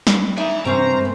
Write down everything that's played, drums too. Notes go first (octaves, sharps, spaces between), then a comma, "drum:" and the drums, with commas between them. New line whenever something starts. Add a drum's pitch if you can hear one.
drum: snare
D#4 D5 E5 G#5 B5
G2 C3 E3 C#4 A#4 C5 A#5
A3 B3